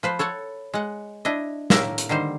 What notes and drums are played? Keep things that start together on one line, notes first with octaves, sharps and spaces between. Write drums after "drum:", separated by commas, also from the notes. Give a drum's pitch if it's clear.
F3 B4 C5
A4 C#5 F#5 A5
G#3 F#5
D4 E4 D#5
A2 A3 A#3 A#4 E5, drum: snare
drum: hi-hat
D3 D#3 G3 C5